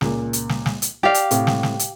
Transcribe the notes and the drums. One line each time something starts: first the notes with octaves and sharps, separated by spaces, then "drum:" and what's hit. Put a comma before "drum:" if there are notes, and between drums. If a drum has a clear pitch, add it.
C#2 A#2, drum: snare
drum: hi-hat
drum: snare
drum: snare
drum: hi-hat
G4 D5 F5
drum: hi-hat
A2 C3, drum: hi-hat
drum: snare
drum: snare
drum: hi-hat